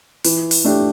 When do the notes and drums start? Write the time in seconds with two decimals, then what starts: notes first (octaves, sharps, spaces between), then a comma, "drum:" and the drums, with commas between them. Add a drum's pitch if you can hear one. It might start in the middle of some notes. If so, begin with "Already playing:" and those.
0.25 E3, drum: open hi-hat
0.51 drum: open hi-hat
0.64 A3 D4 G4